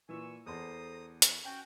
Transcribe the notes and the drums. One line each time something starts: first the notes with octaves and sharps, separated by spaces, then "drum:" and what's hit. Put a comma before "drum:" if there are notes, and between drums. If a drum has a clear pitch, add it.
A#2 E3 G#5 C#6 E6
E2 A4 C5 A5 A#5 C6 D#6
drum: hi-hat
C#4 F#4 G5 G#5